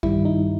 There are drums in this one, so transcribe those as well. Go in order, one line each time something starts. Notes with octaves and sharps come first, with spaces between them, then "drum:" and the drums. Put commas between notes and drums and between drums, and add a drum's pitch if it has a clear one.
G2 D#3 G3 E4, drum: kick
D#4